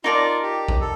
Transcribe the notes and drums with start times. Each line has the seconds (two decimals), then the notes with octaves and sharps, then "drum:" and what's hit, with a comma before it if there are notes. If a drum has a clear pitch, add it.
0.04 D#4 F4 A#4 D5 A5
0.42 G4
0.69 drum: kick A#1
0.81 A4